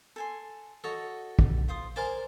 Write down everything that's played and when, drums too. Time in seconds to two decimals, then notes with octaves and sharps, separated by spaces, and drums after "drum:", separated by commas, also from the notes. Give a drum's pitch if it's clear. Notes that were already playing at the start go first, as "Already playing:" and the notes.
0.16 A4 G#5 C6
0.84 F#4 A4 C#5 D#5
1.39 drum: kick
1.68 F4 C5 D#6
1.96 A#4 C5 D5 G#5 A5